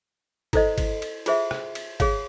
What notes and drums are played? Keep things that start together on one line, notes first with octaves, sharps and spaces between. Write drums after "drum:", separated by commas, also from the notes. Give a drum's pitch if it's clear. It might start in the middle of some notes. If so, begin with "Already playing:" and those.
E4 A4 C5 D#5, drum: kick, cymbal
drum: kick, cymbal
drum: cymbal
F4 G#4 C5 E5, drum: cymbal
drum: rim click
drum: cymbal
G#4 C#5 F5, drum: kick, cymbal